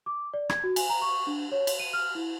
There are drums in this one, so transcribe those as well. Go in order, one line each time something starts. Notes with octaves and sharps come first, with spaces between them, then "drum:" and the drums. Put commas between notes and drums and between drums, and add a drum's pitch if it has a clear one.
D6
D5
G#6, drum: rim click
F#4
G#5, drum: cymbal
A#5
C#6
D4
C#5
drum: cymbal
D#7
F6
E4